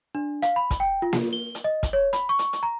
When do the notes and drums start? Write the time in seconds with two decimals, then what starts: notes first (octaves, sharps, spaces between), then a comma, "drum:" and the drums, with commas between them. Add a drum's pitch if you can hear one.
0.15 D4
0.42 F5, drum: hi-hat
0.56 B5
0.71 drum: kick, hi-hat
0.80 G5
1.02 F4
1.13 drum: snare A#3
1.33 G7
1.55 drum: hi-hat
1.64 D#5
1.83 drum: kick, hi-hat
1.93 C#5
2.13 B5, drum: hi-hat
2.29 C#6
2.39 drum: hi-hat
2.53 drum: hi-hat
2.63 A#5